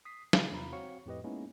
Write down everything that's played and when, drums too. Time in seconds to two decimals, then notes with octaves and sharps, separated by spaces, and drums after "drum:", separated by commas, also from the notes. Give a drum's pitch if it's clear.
0.05 D#6 B6 C7
0.33 C#3 G#3 C#4, drum: snare
0.52 E2 C3 F4 A#5 B5
0.72 C4 F#4 C#5 F5 C#6 C#7
1.06 F2 A2 G4 B4 D#5
1.24 G#3 A#3 B3 C#4 D#4 E4